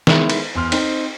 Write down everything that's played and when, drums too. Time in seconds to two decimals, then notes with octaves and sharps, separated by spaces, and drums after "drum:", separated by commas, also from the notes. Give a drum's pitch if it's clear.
0.07 D#3 G#3 B3 E4 B4, drum: snare
0.30 drum: cymbal
0.55 E2 C6 F6
0.72 C4 D#4, drum: cymbal